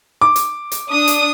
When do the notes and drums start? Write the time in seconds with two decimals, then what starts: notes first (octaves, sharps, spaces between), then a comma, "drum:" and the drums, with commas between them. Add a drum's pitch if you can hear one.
0.21 D6
0.36 drum: hi-hat
0.72 drum: hi-hat
0.90 D4 D#6
1.08 drum: hi-hat